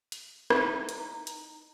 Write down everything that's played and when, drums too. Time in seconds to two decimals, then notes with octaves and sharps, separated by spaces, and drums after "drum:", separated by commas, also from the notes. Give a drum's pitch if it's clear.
0.12 drum: hi-hat
0.50 D#4 E4 C#5, drum: rim click
0.89 drum: hi-hat
1.27 drum: hi-hat